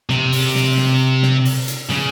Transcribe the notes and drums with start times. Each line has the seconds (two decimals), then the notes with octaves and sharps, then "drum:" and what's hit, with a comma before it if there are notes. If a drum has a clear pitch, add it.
0.10 C3, drum: snare
0.32 drum: open hi-hat
0.55 drum: snare
0.78 drum: snare
1.23 drum: snare
1.45 drum: open hi-hat
1.68 drum: hi-hat
1.90 C#3, drum: snare